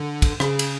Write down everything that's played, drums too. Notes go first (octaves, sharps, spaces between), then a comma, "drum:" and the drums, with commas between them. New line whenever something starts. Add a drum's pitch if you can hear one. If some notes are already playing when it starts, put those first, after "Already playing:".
Already playing: D3
drum: kick, cymbal
C#3, drum: rim click
drum: cymbal